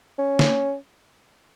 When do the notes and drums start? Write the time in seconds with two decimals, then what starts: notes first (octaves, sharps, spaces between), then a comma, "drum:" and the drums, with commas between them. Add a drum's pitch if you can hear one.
0.18 C#4
0.39 drum: snare